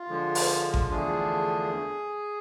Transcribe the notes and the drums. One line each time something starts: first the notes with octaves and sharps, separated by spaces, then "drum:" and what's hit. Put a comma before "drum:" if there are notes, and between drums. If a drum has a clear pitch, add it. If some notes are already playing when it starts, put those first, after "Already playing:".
Already playing: F4
D3 F3 G#3
drum: open hi-hat
drum: kick G#1
E2 D3 F3 A3 D4 G#4